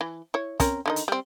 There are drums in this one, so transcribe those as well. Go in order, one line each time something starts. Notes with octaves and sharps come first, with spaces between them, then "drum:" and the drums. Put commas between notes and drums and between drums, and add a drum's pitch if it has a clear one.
E3
E4 C#5
C4 C#4 A#4, drum: kick, hi-hat
D3 D#3 D#4
drum: hi-hat
G3 C4